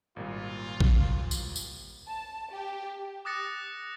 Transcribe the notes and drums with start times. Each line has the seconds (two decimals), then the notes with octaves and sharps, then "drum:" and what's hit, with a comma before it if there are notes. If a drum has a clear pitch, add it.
0.16 G#1 A#2 G3 F4
0.80 drum: kick
1.31 drum: tambourine
1.56 drum: tambourine
2.08 A5
2.52 G4
3.25 D6 D#6 F#6 A6 A#6 C#7